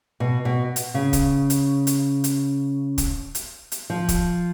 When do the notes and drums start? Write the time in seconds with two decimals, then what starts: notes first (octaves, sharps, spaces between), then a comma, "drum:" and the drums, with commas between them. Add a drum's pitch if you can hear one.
0.20 B2
0.45 B2
0.76 drum: hi-hat
0.94 C#3
1.13 drum: kick, hi-hat
1.50 drum: hi-hat
1.87 drum: hi-hat
2.24 drum: hi-hat
2.98 drum: kick, hi-hat
3.35 drum: hi-hat
3.72 drum: hi-hat
3.90 F3
4.09 drum: kick, hi-hat